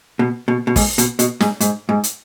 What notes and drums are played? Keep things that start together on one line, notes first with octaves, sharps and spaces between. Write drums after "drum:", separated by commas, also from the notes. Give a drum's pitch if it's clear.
B2
B2
B2
G#2, drum: kick, open hi-hat
B2, drum: hi-hat
B2, drum: hi-hat
G#2, drum: snare
G#2, drum: hi-hat
G#2
drum: hi-hat